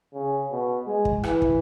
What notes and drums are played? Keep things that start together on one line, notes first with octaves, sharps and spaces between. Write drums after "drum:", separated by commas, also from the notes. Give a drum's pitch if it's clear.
C#3
B2
G#3
drum: kick
E3, drum: rim click
drum: kick